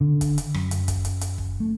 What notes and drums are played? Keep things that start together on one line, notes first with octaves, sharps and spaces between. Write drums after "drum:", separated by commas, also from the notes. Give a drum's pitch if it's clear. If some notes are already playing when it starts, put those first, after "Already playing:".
D3
drum: kick, hi-hat
drum: hi-hat
F#2, drum: rim click
drum: hi-hat
drum: kick, hi-hat
drum: hi-hat
drum: hi-hat
drum: kick
A3